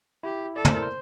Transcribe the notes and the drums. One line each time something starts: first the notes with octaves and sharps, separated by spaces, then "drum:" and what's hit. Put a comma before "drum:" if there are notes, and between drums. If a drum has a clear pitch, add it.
E4 G4
A4 D5
C5, drum: tom
A#4
C5